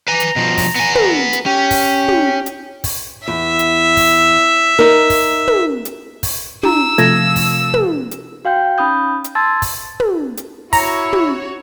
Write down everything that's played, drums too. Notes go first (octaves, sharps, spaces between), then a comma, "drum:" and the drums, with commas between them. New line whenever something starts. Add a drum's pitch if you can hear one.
B4 G#5 A#5
drum: hi-hat
B2 F3
drum: kick, open hi-hat
B3 G#5
drum: tom
drum: hi-hat
C#4 G4
drum: kick, open hi-hat
drum: tom
drum: hi-hat
drum: kick, open hi-hat
E2 E5
drum: hi-hat
drum: kick, open hi-hat
D#4 A#4
drum: kick, open hi-hat
drum: tom
drum: hi-hat
drum: kick, open hi-hat
D4 E4 A#5 E6, drum: tom
C3 F3 A3 G#6 A#6 E7, drum: hi-hat
drum: kick, open hi-hat
drum: tom
drum: hi-hat
F#4 F5 G5 G6
C#4 D#4 B5 D#6 G6
drum: hi-hat
A5 C6 E6 G#6 A6
drum: kick, open hi-hat
drum: tom
drum: hi-hat
E4 F#4 C#5 A#5, drum: kick, open hi-hat
drum: tom